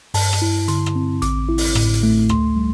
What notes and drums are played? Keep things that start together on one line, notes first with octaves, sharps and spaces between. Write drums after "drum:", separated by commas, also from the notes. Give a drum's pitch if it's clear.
G2 A5, drum: open hi-hat
drum: rim click
E4
D3 C6, drum: hi-hat
drum: rim click
C4
A1 D6, drum: hi-hat
E4
drum: open hi-hat
A2, drum: rim click
drum: hi-hat
A3
D2 C6, drum: rim click
G3